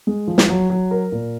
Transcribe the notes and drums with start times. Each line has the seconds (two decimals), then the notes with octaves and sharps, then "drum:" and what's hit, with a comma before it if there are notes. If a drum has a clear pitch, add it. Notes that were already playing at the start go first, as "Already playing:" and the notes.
0.07 G#3
0.27 F3
0.38 drum: snare
0.49 F#3
0.70 F#3
0.91 A#4
1.12 A#2